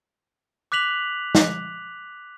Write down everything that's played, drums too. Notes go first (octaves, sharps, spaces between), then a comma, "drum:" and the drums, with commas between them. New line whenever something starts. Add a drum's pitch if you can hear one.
D6 F#6 B6 F7 F#7
drum: snare